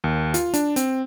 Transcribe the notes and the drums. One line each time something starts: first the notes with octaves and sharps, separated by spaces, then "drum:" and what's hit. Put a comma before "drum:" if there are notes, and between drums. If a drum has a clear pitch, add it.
D#2
F4, drum: hi-hat
D4, drum: hi-hat
C4, drum: hi-hat